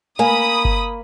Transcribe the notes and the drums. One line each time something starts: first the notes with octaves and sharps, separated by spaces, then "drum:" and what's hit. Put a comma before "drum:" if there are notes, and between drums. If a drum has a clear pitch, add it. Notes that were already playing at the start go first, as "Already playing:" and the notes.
A#3 G#5 B5 D#6
drum: kick G1